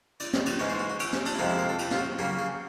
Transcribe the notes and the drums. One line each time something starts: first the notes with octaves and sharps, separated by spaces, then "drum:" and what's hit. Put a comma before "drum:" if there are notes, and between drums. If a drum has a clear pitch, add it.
D5, drum: cymbal
D#5, drum: snare
D5, drum: cymbal
G#2 E3 G#3 C#4 C#5
C5
F#4
F#4
C#4, drum: cymbal
C#4, drum: snare
D4, drum: cymbal
E4
F2 C3 F3 G#3 C4 D#4
E4
A#4
A4
G4, drum: cymbal
F4, drum: snare
F#4
C#3 F#3 A#3 C#4 G4
G#4